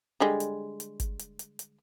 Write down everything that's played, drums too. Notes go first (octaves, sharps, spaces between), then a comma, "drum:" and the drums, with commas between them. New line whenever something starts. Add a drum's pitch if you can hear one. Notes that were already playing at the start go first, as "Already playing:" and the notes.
D3 G3 G#3
drum: hi-hat
drum: hi-hat
drum: kick G1, hi-hat
drum: hi-hat
drum: hi-hat
drum: hi-hat